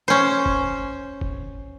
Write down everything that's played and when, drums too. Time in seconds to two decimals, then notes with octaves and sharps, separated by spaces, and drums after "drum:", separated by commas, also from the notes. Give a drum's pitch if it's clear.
0.08 C#4 C5
0.46 drum: kick
1.21 drum: kick